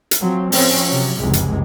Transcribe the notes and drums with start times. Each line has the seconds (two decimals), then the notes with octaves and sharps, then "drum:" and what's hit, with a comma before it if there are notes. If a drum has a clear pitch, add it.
0.11 drum: hi-hat
0.21 F3 F#3 C4
0.52 F3 C4 C#4, drum: open hi-hat
0.88 C3 F#3
1.17 F1 C#2 F#2 C3 E3 G#3
1.33 drum: hi-hat